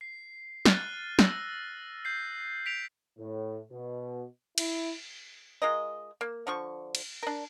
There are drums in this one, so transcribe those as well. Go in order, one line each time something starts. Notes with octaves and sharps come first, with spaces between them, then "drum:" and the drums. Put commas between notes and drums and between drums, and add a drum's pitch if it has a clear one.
C7
F6 F#6 A6 D#7, drum: snare
E6 A#6, drum: snare
G6 C7
B6 D7 F7
A2
B2
E4, drum: cymbal
G#3 F4 A#4 D#5
A#3
D3 F3 C#6
drum: cymbal
D4 A#4